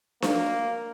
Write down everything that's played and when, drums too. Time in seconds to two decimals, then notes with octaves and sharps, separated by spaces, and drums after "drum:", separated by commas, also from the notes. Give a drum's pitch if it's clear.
0.22 A#3, drum: snare D4